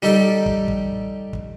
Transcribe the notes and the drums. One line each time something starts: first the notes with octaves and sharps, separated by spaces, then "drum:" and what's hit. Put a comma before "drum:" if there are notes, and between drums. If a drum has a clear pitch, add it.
G3 D#4 G4 A4
drum: kick
drum: kick
drum: kick